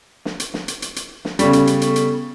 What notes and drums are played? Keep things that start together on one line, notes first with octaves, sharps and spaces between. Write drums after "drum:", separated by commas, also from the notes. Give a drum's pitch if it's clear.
drum: snare
drum: hi-hat
drum: snare
drum: hi-hat
drum: hi-hat
drum: hi-hat
drum: snare
C#3 G3 B3 A4 C#6, drum: hi-hat
drum: hi-hat
drum: hi-hat
drum: hi-hat
drum: hi-hat